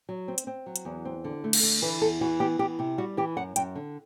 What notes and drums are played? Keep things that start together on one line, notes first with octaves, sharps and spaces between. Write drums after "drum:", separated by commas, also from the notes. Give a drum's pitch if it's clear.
F#3
C4
drum: hi-hat
C4
F#3
drum: hi-hat
E2
C4
D3
A3
drum: cymbal
D3
E3 B4
E2 A4
E3 F#4
B3 G4
E3 G4
C3
G3 F#4
E3 G4
F#2 F#5
F#2 G5, drum: hi-hat
D3